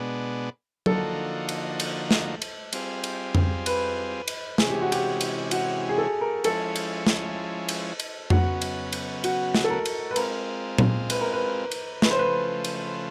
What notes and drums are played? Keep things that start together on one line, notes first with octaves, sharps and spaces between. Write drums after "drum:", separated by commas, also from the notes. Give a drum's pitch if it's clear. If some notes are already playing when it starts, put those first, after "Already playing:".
Already playing: B2 G#3 B3 D4
D3 F3 A#3 D#4 F#4 A4, drum: tom F#3
drum: cymbal
drum: cymbal
drum: snare
drum: cymbal
G3 C4 F4 G#4, drum: cymbal
drum: cymbal
drum: tom F2
B4, drum: cymbal
drum: cymbal
C3 E3 G#3 C#4 G#4, drum: snare
G4
F#4
G4, drum: cymbal
drum: cymbal
F#4, drum: cymbal
G#4
A4
A#4
F3 G#3 C#4 E4 A4, drum: cymbal
drum: cymbal
drum: snare
drum: cymbal
drum: cymbal
C#3 F#3 B3 F#4, drum: tom F2
drum: cymbal
drum: cymbal
F#4, drum: cymbal
drum: snare
A4
A#4
drum: cymbal
B4
G#3 C4 F4 A#4, drum: cymbal
drum: tom A#2
B4, drum: cymbal
A#4
B4
drum: cymbal
C#3 F3 A3 B4, drum: snare
C5
B4
drum: cymbal